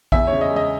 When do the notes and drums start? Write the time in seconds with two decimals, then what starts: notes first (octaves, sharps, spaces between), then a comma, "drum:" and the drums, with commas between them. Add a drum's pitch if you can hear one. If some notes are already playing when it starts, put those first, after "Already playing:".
0.12 E2 E5, drum: kick A#1
0.27 C#3 C#5
0.41 D#5
0.51 G#3
0.56 D#5